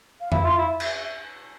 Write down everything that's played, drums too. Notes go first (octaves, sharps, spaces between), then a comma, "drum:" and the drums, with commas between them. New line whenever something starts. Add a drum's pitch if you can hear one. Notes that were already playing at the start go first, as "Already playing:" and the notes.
F5
E4 E5, drum: tom F2
F4
E4
drum: cymbal